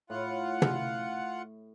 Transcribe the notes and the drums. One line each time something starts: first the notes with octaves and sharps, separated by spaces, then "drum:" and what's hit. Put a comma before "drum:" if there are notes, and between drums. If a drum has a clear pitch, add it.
A2 F4 F#5
drum: tom